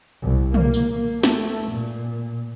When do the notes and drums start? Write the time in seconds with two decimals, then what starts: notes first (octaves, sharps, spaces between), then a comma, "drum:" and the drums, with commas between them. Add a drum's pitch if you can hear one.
0.22 C2
0.54 A#3, drum: tom
0.74 drum: tambourine
0.94 A#3
1.23 A3, drum: snare
1.70 A#2